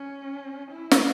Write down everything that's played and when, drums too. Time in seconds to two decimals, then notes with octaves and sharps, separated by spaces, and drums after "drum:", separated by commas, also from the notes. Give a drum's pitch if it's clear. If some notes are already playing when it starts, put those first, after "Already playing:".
Already playing: C#4
0.71 E4
0.91 drum: snare